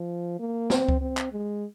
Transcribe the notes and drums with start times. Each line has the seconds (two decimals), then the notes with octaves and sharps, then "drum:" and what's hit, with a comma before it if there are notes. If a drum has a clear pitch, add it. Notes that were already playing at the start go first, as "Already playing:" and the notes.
Already playing: F3
0.39 A#3
0.70 C4, drum: snare
0.88 drum: kick C#2
1.01 C4
1.17 drum: clap
1.32 G#3